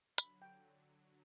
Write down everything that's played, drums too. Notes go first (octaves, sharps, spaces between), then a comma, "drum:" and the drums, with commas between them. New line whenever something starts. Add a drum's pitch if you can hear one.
D3 F#3 B5, drum: hi-hat
G5